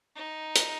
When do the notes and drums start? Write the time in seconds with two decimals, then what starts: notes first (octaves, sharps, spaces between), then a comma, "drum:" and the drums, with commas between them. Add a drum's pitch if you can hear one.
0.16 D#4
0.56 drum: hi-hat